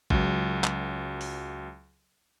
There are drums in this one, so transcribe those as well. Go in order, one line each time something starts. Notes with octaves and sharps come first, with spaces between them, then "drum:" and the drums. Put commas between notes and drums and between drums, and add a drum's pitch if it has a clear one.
C#2 F#3, drum: kick A1
drum: clap
drum: open hi-hat